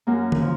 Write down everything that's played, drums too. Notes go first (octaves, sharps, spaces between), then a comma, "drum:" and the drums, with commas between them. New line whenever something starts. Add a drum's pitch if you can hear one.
F#2 A#3
drum: tom D3
F3